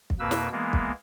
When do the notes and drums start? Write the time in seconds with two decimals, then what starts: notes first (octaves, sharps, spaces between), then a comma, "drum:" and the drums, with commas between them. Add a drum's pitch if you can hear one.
0.10 drum: kick
0.19 F2 B2 A#3 B4 E6
0.31 drum: snare
0.52 E3 G#3 A#3 B3
0.73 drum: kick